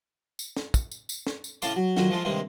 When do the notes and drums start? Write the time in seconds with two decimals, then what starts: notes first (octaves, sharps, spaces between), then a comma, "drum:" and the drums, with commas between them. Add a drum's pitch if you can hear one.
0.39 drum: tambourine
0.57 drum: snare
0.74 drum: kick, tambourine
0.92 drum: tambourine
1.09 drum: tambourine
1.27 drum: snare
1.44 drum: tambourine
1.62 A2 C#3 F5 A5 C6 D6, drum: tambourine
1.76 F#3
1.97 A#2 D#3 F#3, drum: snare
2.10 F3 G#3 A3 F4
2.25 G2 C3 D#3 G#3 A#3